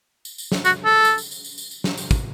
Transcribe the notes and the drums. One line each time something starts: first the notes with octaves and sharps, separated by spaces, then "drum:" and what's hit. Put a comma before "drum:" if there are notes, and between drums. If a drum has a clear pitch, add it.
drum: tambourine
drum: tambourine
drum: snare
F#4, drum: tambourine
A4
drum: tambourine
drum: tambourine
drum: tambourine
drum: tambourine
drum: tambourine
drum: tambourine
drum: snare
drum: tambourine
drum: kick, tambourine